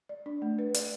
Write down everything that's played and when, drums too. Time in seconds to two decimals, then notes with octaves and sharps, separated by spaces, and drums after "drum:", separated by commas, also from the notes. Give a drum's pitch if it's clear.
0.09 D5
0.26 D4
0.42 A3
0.59 B4
0.74 D5, drum: hi-hat